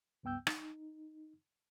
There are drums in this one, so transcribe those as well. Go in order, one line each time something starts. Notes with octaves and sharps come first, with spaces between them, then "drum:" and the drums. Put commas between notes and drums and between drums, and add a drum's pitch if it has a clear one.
C#2 G2 B3 G5 E6 G6
D#4, drum: rim click